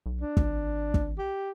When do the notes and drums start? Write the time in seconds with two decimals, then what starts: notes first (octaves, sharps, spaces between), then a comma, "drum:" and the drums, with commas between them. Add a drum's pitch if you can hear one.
0.06 B1
0.21 D4
0.37 G#1, drum: kick
0.94 drum: kick
1.18 G4